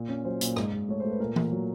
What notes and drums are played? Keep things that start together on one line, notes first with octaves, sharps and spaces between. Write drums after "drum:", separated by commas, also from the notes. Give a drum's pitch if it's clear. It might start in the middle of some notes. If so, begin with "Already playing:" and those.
Already playing: A#2
C#4
F#3 C5
A#2, drum: hi-hat
G#2, drum: rim click
G#2
A3 C#5
A3 C5
B4
A#2 A#4
A#2, drum: tom E3
F#3